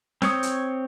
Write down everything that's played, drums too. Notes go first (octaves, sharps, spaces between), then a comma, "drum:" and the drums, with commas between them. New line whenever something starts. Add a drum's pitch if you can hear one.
C4 C#5 D#6, drum: snare
drum: hi-hat